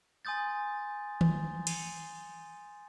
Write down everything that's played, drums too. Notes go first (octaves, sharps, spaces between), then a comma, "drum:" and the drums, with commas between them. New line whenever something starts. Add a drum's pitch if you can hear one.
G#5 C6 D#6 G6 A6
drum: tom D#3
drum: cymbal